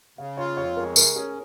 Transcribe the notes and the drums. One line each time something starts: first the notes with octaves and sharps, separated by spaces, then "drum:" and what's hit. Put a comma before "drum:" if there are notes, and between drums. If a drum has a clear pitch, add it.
C#3 F5
F4 C#5
F2 C#5
G#3 A#4
C#3 A#4, drum: tambourine
C#4 G#4